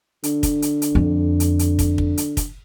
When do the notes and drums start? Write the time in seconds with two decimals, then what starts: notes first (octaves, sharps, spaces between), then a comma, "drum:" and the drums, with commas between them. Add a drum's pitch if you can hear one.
0.23 D3, drum: hi-hat
0.43 drum: kick, hi-hat
0.62 drum: hi-hat
0.82 drum: hi-hat
0.95 F2
1.40 drum: hi-hat
1.59 drum: hi-hat
1.79 drum: kick, hi-hat
1.98 drum: kick
2.18 drum: hi-hat
2.37 drum: kick, hi-hat